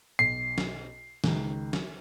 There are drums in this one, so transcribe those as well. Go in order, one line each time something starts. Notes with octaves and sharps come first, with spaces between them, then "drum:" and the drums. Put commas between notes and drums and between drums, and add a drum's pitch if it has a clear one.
B1 C7
drum: snare
C#2 D#3, drum: snare
drum: snare